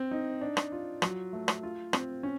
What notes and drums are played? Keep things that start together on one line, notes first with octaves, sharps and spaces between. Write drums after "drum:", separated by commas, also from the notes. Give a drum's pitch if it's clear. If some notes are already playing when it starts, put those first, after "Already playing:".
Already playing: C4
D#4
D4
drum: rim click
F4
F#3, drum: rim click
A3
drum: rim click
F4
C4, drum: rim click
C#4